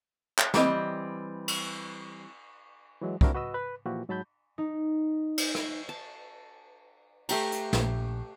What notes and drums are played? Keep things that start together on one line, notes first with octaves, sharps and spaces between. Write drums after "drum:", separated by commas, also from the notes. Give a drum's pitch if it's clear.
drum: clap
E3 G3 C4 D#5, drum: snare
drum: cymbal
E3 F#3 G#3
C4 D4 E4 F#4 A#4, drum: kick
F#4 B4 D#5 E6
B4
A#2 E3 F3 E4 F#4 G4
G#2 F#3 A5 B5 G6
D#4
drum: cymbal
drum: rim click
A5
A3 G4 A#5, drum: cymbal
drum: hi-hat
A#1, drum: snare